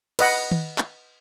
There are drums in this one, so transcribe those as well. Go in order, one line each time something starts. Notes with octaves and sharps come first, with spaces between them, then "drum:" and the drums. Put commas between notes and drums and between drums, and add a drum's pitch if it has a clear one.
B4 D#5 F#5, drum: cymbal
drum: tom D#3
drum: clap